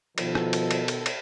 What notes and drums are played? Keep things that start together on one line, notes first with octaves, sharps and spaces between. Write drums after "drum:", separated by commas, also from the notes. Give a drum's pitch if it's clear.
B2 D#3 F3 A4, drum: cymbal
drum: rim click
drum: cymbal
drum: cymbal
drum: cymbal
drum: cymbal